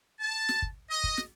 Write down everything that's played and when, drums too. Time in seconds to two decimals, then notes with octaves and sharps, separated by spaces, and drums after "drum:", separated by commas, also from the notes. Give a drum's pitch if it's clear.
0.20 A5
0.49 drum: snare
0.62 drum: kick
0.90 D#5
1.04 drum: kick
1.17 drum: snare